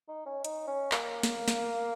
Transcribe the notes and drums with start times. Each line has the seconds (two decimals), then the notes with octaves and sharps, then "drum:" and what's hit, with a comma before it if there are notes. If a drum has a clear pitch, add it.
0.08 D#4
0.26 C#4
0.45 D#4, drum: hi-hat
0.67 C#4
0.92 A#3, drum: clap
1.23 drum: snare
1.48 drum: snare